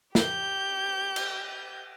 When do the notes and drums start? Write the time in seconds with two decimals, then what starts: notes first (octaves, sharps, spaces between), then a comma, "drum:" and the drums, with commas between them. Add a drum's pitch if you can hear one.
0.15 G4 G6, drum: snare
1.16 drum: cymbal